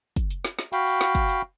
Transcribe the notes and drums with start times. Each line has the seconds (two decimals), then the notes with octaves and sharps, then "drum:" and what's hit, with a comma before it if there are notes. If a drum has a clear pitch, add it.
0.16 drum: kick, hi-hat
0.30 drum: hi-hat
0.45 drum: snare
0.59 drum: snare
0.73 F#4 F5 G5 B5, drum: hi-hat
0.87 drum: open hi-hat
1.01 drum: snare
1.15 drum: kick, hi-hat
1.29 drum: hi-hat